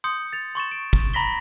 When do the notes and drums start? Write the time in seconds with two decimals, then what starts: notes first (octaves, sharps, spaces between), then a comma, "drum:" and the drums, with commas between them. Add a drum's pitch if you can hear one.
0.04 C6 D#6 G6 C#7
0.33 A6 F7
0.55 C6 C#6 A6 E7
0.72 D7
0.93 drum: kick
1.14 A#5 B5 A#6 B6 G7